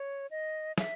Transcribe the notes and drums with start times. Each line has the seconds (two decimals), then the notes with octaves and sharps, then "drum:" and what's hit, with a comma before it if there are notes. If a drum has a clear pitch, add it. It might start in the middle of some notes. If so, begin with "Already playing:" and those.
Already playing: C#5
0.31 D#5
0.78 E5, drum: snare